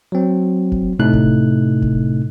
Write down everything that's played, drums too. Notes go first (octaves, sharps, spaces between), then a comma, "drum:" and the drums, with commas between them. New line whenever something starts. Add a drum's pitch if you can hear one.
F#3 C4
drum: kick F1
A2 C3 A3 D#4 F#6
drum: kick F1
drum: kick F1